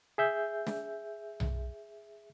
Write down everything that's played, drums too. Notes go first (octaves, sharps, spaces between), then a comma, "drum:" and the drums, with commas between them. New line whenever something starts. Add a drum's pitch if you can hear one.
G#4 E5 G6
drum: snare
drum: tom B1